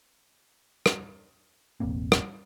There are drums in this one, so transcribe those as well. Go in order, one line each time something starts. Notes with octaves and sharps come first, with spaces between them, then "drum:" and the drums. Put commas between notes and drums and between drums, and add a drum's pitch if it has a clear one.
drum: rim click
E1 A1 A#3 C4
drum: rim click